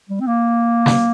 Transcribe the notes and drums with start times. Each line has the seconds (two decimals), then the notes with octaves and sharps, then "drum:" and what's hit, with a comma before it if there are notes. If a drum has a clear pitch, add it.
0.09 G3
0.21 C4
0.27 A#3
0.86 drum: snare